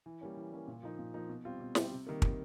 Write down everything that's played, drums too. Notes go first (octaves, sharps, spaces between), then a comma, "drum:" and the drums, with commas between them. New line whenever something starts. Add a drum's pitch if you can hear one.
E3
G3 A#3 C#4
E3
G3 A#3 C#4
A#2
F3 A#3 D#4
A#2
F3 A#3 D#4
B2
G3 C4 F4
B2
G3 C4 F4, drum: snare
C3
D#3 G3 A#3
C3, drum: kick